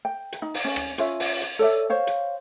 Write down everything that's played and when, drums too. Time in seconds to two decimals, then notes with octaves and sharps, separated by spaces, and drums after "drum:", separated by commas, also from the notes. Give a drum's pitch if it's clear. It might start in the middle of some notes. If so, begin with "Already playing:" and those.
0.05 G5
0.32 drum: hi-hat
0.42 D#4
0.54 drum: open hi-hat
0.65 C#4 C#5
0.76 drum: rim click
0.98 C#4 F4 C#5 E5, drum: hi-hat
1.20 drum: open hi-hat
1.42 drum: hi-hat
1.59 A4 C#5 D5 E5
1.90 C5 C#5 F5
2.07 drum: hi-hat